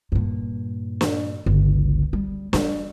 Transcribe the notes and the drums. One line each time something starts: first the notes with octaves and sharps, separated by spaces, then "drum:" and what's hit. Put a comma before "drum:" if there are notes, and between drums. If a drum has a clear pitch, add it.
G2 A#2
drum: snare
G1 C#2
G3
G3, drum: snare